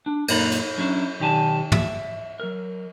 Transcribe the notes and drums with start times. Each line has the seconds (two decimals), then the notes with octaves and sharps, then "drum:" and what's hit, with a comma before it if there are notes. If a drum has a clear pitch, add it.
0.06 D4
0.28 F#2 A#2 G#3 D#4 F4 B5, drum: cymbal
0.52 drum: hi-hat
0.78 F#3 C#4 D4 E4
1.20 B1 D#3 G4 D5 G#5 A5
1.72 E5, drum: tom
2.40 F#3 A#4